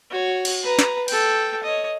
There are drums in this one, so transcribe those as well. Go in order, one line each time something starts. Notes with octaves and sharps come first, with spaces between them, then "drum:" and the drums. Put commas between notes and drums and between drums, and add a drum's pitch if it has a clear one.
F#4 C#5
drum: cymbal
B4 A#5
drum: snare
A4 G5, drum: cymbal
C#5 D#5